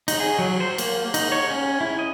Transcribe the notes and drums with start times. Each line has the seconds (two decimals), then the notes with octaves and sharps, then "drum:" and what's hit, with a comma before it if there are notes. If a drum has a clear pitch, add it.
0.08 D#4, drum: cymbal
0.20 G#4
0.39 F#3
0.60 C5
0.78 A#3, drum: cymbal
1.14 D#4, drum: cymbal
1.32 C#5
1.50 C#4
1.81 E4
1.99 D#5